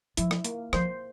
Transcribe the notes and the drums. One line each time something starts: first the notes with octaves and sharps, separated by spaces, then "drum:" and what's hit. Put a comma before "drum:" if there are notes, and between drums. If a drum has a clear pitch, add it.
F3 E4, drum: hi-hat
drum: rim click
A#3, drum: hi-hat
F3 C5, drum: rim click